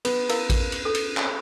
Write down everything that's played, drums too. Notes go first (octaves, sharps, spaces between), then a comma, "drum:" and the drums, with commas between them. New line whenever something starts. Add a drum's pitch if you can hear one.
B3, drum: cymbal
E4 A#4 F5, drum: cymbal
drum: kick A1, cymbal
drum: cymbal
A4
drum: cymbal
drum: clap